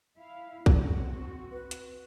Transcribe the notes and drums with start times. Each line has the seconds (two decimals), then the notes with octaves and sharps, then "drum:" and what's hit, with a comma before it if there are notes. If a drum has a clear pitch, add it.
0.17 E4 F5
0.66 C4 F#4, drum: kick
1.51 B4
1.71 drum: hi-hat